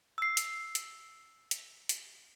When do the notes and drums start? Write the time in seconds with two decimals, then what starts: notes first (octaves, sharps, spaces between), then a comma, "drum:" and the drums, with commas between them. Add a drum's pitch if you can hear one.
0.18 E6 C7
0.37 drum: hi-hat
0.75 drum: hi-hat
1.51 drum: hi-hat
1.89 drum: hi-hat